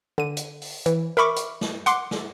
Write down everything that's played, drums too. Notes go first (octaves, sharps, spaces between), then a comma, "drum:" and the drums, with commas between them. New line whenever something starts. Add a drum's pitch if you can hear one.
D3 D#7
drum: hi-hat
drum: open hi-hat
E3, drum: hi-hat
A#4 E5 B5 C#6 D6
drum: hi-hat
drum: snare
F#5 C6 D6, drum: hi-hat
drum: snare